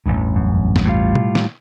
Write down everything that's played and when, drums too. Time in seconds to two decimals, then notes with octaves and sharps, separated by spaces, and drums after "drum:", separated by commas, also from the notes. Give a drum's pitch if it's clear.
0.06 A1 E2 G2
0.36 F#2
0.76 drum: snare
0.86 A2 G3 F4
1.15 drum: tom B2
1.35 drum: snare